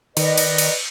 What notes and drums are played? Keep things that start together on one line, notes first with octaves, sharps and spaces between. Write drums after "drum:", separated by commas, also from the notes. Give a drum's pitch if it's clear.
D#3 B4 D5 D#5, drum: cymbal
drum: cymbal
drum: cymbal